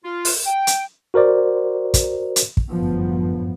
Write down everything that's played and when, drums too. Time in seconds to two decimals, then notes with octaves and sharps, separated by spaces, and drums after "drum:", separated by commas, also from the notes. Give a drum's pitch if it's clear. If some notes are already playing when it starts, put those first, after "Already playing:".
0.04 F4
0.25 drum: open hi-hat
0.46 G5
0.67 drum: hi-hat
1.14 F#4 A#4 C5 D5
1.94 drum: kick, hi-hat
2.36 drum: hi-hat
2.57 drum: kick
2.72 G1 F#2 A2 F3 B3